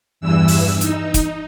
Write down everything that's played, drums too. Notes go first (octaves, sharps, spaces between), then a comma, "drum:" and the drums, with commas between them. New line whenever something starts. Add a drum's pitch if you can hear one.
E2 G2 E3 E6
drum: open hi-hat
D#4, drum: hi-hat
drum: kick, hi-hat